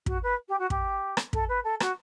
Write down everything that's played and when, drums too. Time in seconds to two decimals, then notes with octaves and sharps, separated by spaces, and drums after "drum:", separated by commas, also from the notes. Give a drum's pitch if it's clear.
0.06 F#4, drum: kick
0.23 B4
0.48 G4
0.59 F#4
0.70 G4, drum: kick
1.17 drum: rim click
1.33 A4, drum: kick
1.48 B4
1.64 A4
1.80 F#4, drum: rim click